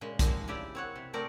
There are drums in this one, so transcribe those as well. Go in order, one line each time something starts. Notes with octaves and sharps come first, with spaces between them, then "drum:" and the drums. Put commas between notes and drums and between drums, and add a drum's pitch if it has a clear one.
A#2 C#3 G#3
F3 G#3 A#3 C4 D#4, drum: kick, hi-hat
C#3 E4 G4 D5
C4 C#5 F#5
C3
A3 C4 A#4 C5 D5